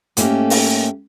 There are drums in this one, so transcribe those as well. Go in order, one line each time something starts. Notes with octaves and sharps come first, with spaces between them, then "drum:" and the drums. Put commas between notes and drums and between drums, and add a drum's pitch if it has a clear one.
G#2 A3 A#3 C#4 G4, drum: hi-hat
drum: open hi-hat